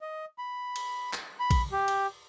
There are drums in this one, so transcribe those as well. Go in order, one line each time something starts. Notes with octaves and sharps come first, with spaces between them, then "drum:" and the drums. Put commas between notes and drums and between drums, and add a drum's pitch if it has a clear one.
D#5
B5
drum: cymbal
drum: clap
B5
drum: kick A#1, cymbal
G4
drum: cymbal